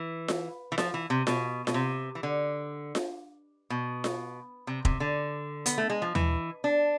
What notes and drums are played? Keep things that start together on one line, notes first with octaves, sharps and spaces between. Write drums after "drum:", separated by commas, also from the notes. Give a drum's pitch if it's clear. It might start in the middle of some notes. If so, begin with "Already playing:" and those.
Already playing: E3
drum: snare F4
E3
F3, drum: snare F4
E3
C3
B2, drum: snare F4
B2, drum: snare F4
C3
E3
D3
drum: snare F4
B2
drum: snare F4
C3
C3, drum: kick
D3
B3, drum: hi-hat
A3
G#3
F3
E3, drum: tom D#2
D4